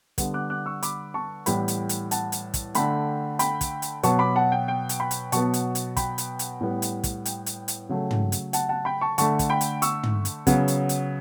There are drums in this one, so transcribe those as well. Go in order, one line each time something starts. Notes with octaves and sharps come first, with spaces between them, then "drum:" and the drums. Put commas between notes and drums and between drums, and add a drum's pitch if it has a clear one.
D3 G3 B3, drum: kick, hi-hat
D6 F#6
D6 F#6
C#6 E6
B5 D6, drum: hi-hat
A5 C#6
A2 E3 G3 B3 G5 B5, drum: hi-hat
drum: hi-hat
drum: hi-hat
F#5 A5, drum: hi-hat
drum: hi-hat
drum: kick, hi-hat
D3 A3 G5 B5, drum: hi-hat
G5 B5, drum: hi-hat
drum: kick, hi-hat
drum: hi-hat
B2 F#3 B3 A5 C#6, drum: hi-hat
B5 D6
F#5 A5
G5
G5
drum: hi-hat
G5 B5
drum: hi-hat
B2 F#3 B3 A5 C#6, drum: hi-hat
drum: hi-hat
drum: hi-hat
G5 B5, drum: kick, hi-hat
drum: hi-hat
drum: hi-hat
A2 G3 B3
drum: hi-hat
drum: kick, hi-hat
G5, drum: hi-hat
drum: hi-hat
drum: hi-hat
C#3 F#3 A3
drum: tom
drum: hi-hat
F#5 A5, drum: hi-hat
F#5 A5
G5 B5
A5 C#6
D3 A3 A5 C#6, drum: hi-hat
drum: kick, hi-hat
G5 B5
drum: hi-hat
C#6 E6, drum: hi-hat
drum: tom
drum: hi-hat
C#3 F#3 B3, drum: kick, hi-hat
drum: hi-hat
drum: hi-hat